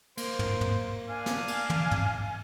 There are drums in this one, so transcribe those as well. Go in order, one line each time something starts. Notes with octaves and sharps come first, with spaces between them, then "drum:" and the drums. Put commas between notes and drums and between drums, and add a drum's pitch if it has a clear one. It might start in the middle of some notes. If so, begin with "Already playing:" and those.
A#3 C5, drum: cymbal
drum: tom
drum: tom
D4 F5 G#5
drum: snare
drum: cymbal
drum: tom
drum: tom